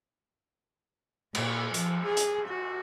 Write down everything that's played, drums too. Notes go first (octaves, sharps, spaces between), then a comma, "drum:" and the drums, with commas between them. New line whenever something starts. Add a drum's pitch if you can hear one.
A#2, drum: cymbal
F3, drum: hi-hat
G#4
drum: hi-hat
F#4